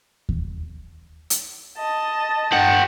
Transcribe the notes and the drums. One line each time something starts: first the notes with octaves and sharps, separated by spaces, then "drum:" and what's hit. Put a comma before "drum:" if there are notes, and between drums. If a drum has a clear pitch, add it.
drum: kick D#2
drum: hi-hat
D#5 A5
G4 F#5